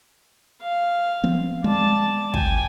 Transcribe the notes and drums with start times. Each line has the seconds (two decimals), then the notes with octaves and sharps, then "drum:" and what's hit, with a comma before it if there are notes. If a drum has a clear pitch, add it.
0.62 F5
1.24 F3 B3 C4
1.64 G#3 D5 A5
2.34 G5 G#5, drum: kick